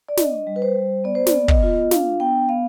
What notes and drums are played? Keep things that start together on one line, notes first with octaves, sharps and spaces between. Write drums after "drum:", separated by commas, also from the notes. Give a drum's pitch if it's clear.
D5
D4 D#5, drum: snare
G3
B4
C5
G3
B3 D5
C5
D5, drum: snare
B3
D#5, drum: kick
F4
D4 F5, drum: snare
B3 G5
B3 F5